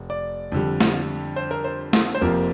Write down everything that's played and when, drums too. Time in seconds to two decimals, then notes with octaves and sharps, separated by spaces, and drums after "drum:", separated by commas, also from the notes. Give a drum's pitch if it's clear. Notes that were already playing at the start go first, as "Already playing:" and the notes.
Already playing: F1
0.10 D5
0.52 F2 D3 G3
0.81 drum: snare
1.36 C5
1.51 A#4
1.64 C5
1.93 drum: snare
2.15 C5
2.21 F1 F2 C3 F3 A#3 A#4